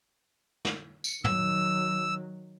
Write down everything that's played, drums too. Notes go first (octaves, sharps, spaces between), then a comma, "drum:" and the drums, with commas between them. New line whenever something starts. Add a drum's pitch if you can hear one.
drum: snare
drum: tambourine
D#3 F#3 E6, drum: tom